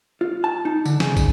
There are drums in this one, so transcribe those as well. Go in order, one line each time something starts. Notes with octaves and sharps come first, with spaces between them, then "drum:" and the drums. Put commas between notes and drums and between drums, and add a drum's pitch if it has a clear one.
F4
A5
D#4
D3, drum: tambourine
C#3, drum: snare
drum: kick, tambourine